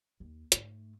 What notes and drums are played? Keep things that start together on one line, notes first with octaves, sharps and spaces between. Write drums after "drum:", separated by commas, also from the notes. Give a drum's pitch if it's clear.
D#2
G#2 A3, drum: hi-hat